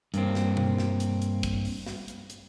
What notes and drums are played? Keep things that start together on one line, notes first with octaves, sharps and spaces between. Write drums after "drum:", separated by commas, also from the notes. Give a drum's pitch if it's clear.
G2 A#3 C4, drum: hi-hat
drum: snare
drum: tom B2
drum: snare
drum: hi-hat
drum: hi-hat
drum: kick, hi-hat
drum: open hi-hat
drum: snare
drum: hi-hat
drum: hi-hat